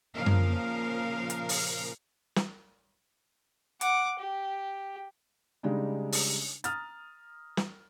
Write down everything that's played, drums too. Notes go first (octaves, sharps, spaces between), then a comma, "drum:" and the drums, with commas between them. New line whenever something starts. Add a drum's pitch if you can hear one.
A#2 C#3 F3 A#4 F5
drum: tom F#2
drum: hi-hat
drum: open hi-hat
drum: snare
F#5 D6, drum: hi-hat
G4
C#3 G3 G#3 D4 D#4
drum: open hi-hat
A#5 D#6 F6 A6, drum: hi-hat
drum: snare